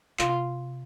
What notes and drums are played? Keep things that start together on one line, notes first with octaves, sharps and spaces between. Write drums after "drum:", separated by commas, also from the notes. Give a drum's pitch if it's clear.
C3 F4, drum: clap